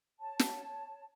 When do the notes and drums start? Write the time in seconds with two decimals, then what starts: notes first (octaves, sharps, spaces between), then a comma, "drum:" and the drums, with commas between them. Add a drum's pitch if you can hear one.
0.19 C#5 A5
0.39 drum: snare